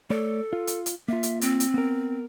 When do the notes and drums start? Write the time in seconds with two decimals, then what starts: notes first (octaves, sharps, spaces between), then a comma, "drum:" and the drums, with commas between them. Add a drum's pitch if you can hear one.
0.10 A3 A4 C#5 D5
0.53 F4
0.67 drum: hi-hat
0.86 drum: hi-hat
1.08 A#3 F4 E5
1.23 drum: hi-hat
1.41 C4, drum: hi-hat
1.60 drum: hi-hat
1.74 B3 A#4